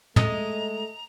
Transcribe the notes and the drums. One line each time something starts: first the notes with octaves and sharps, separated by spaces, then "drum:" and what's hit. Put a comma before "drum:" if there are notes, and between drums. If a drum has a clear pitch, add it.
G#3 A3 D#5 A#5, drum: tom